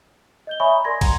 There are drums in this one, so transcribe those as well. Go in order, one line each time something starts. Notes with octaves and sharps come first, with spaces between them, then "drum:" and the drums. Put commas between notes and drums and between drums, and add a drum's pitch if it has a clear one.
D#5 G6 G7
C#5 E5 G#5 B5 C#6 D#6
A#5
A#4 D5 G#5 C6 G#6 A#6
F#5 A#5 G#6, drum: kick, cymbal